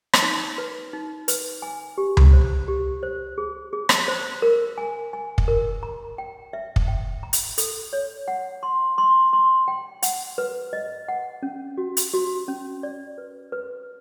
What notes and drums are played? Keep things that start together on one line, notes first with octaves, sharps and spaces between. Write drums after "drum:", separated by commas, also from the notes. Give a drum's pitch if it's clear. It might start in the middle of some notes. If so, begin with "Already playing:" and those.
drum: rim click
D#4
B4
D#4
B4, drum: hi-hat
G#5
G4
drum: tom C#2
C5
G4
C5
G#4
G#4
drum: rim click
C5
A#4
G#5
G#5
drum: kick
A#4
A#5
G5
E5
drum: kick
G5
A#5
drum: hi-hat
A4, drum: hi-hat
C#5
F#5
C6
C6
C6
G5
F#5, drum: hi-hat
B4
D#5
F#5
C#4
F#4
drum: hi-hat
F#4
C#4
D5
B4
B4